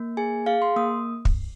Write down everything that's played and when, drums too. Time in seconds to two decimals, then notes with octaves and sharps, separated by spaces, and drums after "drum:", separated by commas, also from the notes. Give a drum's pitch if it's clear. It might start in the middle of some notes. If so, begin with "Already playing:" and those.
Already playing: A#3
0.17 G#4 G#5
0.46 G#4 F5
0.62 C6
0.76 A#3 D#6
1.25 drum: kick